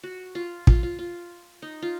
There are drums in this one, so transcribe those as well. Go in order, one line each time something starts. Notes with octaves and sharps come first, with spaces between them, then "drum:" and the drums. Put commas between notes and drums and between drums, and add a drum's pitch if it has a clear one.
F#4
F4
F4, drum: kick
F4
F4
D#4
F4